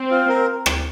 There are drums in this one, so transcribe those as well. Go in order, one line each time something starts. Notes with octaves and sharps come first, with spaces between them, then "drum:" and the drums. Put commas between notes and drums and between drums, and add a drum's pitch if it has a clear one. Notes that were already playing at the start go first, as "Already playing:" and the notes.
Already playing: C4
F4
A#4
drum: rim click